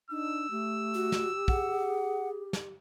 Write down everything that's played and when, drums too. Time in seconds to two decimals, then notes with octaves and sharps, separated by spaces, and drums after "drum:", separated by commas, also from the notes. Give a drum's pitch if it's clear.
0.10 D4 D#4 E6
0.51 A3 G4
0.95 F#4
1.12 drum: snare
1.48 G#4 F#5, drum: kick
2.53 drum: snare